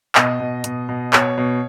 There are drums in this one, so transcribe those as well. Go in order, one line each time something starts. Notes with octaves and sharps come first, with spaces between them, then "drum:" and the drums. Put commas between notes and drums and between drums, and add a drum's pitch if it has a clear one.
B2 D#5, drum: clap
B2
B2, drum: hi-hat
B2
B2 C#5, drum: clap
B2